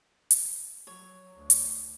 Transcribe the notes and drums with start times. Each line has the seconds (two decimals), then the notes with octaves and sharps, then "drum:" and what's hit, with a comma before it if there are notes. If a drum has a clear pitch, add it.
0.31 drum: hi-hat
0.87 F#3 C#5
1.35 D2
1.50 drum: hi-hat